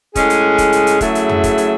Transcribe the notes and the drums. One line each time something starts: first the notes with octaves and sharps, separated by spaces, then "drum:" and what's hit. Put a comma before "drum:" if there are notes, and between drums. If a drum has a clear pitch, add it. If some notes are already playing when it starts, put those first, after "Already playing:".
A2 G#3 C#4 G#4, drum: kick, hi-hat
drum: hi-hat
drum: kick, hi-hat
drum: hi-hat
drum: hi-hat
C#3 F#3 A3 E4 G#4, drum: kick, hi-hat
drum: hi-hat
drum: tom F2
drum: kick, hi-hat
drum: hi-hat